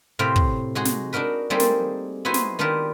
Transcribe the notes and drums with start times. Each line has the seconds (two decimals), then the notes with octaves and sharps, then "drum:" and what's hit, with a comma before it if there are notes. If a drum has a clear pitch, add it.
0.19 A2 C3 C5 F5 G5 A#5
0.36 drum: kick
0.75 G#3 D#4 F#4 G#4
0.85 drum: snare
1.13 D4 D#4 F#4 A#4 B4
1.50 G3 A3 A#3 C4 D#4 G#4
1.60 drum: snare
2.25 B3 D#4 E4 F#4 C5 G#5
2.34 drum: snare
2.59 D#3 B3 D4 F4 G4 A#4